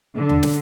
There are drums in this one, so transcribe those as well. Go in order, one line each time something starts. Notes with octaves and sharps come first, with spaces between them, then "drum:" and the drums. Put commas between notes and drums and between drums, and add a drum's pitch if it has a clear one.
D3
drum: tom
drum: snare